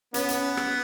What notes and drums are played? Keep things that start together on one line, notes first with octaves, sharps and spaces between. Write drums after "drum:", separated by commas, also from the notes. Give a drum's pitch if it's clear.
B3 C#4, drum: hi-hat
drum: hi-hat
drum: rim click